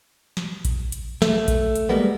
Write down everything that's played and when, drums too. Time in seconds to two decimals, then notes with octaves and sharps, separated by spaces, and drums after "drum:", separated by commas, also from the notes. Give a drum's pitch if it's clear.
0.37 drum: snare
0.65 drum: kick A1, hi-hat
0.92 drum: hi-hat
1.22 A3, drum: snare
1.48 drum: kick A1, hi-hat
1.76 drum: hi-hat
1.89 G3 G#3 A#3 B3